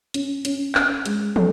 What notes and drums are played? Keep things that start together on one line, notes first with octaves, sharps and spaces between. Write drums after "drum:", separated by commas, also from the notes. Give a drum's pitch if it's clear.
C#4, drum: hi-hat
C#4, drum: hi-hat
C#4, drum: clap
G#3, drum: hi-hat
A4, drum: tom